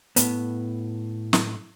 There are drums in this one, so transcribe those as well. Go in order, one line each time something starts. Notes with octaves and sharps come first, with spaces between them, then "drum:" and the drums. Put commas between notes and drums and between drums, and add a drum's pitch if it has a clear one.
A2 B3, drum: hi-hat
drum: snare